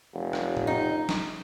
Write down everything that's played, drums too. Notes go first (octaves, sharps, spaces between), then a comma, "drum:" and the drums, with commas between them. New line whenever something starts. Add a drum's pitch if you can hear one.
F1
drum: rim click
drum: tom A2
D#4
drum: snare